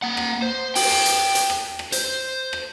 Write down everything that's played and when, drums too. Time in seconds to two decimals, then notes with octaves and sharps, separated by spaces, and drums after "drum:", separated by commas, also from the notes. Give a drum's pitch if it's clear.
0.02 A#3 F#5
0.17 drum: rim click
0.42 C5
0.75 G5, drum: open hi-hat
0.91 drum: rim click
1.05 drum: hi-hat
1.35 drum: hi-hat
1.50 drum: rim click
1.79 drum: rim click
1.92 C5, drum: hi-hat
2.53 drum: rim click